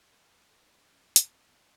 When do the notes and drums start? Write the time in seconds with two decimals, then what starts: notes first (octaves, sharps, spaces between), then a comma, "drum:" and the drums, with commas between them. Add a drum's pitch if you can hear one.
0.11 F#2 A#4
0.23 F2
0.30 B4
0.34 E2
0.46 F2 A4
0.60 D#4
0.69 E4
0.79 D4
0.89 F2 C#4
1.03 F#2
1.16 F#2, drum: hi-hat
1.24 F2
1.29 C4
1.32 E2
1.41 F2
1.48 B3